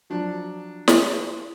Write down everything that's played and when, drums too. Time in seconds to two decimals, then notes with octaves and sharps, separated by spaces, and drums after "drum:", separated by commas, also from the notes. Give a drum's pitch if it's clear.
0.10 F3 F#3 D4
0.88 drum: snare